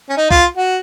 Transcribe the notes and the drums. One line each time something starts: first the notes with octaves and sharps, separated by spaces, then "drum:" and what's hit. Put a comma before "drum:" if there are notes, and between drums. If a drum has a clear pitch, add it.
C#4
D#4
F4, drum: kick
F#4